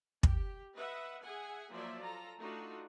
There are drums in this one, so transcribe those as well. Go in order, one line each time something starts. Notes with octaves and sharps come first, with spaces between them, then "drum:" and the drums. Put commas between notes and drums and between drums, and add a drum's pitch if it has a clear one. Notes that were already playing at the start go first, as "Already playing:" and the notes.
G4, drum: kick
B4 D#5 E5 F#5
G#4 E5 F#5 G#5
F3 F#3 A#3 C5 D5 E5
F4 A4 A#5
A3 D4 D#4 F4 F#4